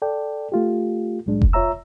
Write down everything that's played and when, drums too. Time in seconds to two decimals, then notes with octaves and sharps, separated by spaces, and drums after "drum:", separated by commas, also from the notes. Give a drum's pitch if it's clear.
0.02 A4 D5 G5
0.52 A3 F4 G4
1.26 C2 A2 F#3 G#3 D4
1.42 drum: kick F1
1.53 C2 F4 C#5 E5 A#5 E6